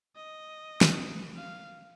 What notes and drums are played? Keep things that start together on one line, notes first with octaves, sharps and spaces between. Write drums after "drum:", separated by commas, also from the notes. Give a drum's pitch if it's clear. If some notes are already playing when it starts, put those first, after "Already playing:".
D#5
drum: snare
F5